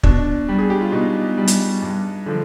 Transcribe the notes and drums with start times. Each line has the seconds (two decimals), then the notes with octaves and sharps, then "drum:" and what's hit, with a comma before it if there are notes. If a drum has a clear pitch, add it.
0.03 B2 D4, drum: kick
0.49 G3
0.59 G#4
0.70 G4
0.81 F4
0.92 B2 D#4
1.38 G3
1.48 drum: hi-hat
1.82 G2
2.26 D3 F3